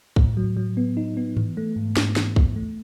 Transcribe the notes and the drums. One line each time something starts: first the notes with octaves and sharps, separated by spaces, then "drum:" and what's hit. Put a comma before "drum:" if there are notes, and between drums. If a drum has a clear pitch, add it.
A2, drum: kick
F#3
F#3
B3
D#4
B3
E3, drum: tom G#2
A3
G#2
G#2, drum: snare
E3, drum: snare
E3, drum: kick
A3